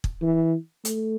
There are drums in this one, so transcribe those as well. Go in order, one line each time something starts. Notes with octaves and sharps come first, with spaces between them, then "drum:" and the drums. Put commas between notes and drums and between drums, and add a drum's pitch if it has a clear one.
drum: kick
E3
A3, drum: hi-hat